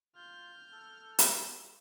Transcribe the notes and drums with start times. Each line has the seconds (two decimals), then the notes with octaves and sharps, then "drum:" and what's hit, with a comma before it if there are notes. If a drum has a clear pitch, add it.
0.16 F4 F6 G6
0.73 A4
1.19 drum: hi-hat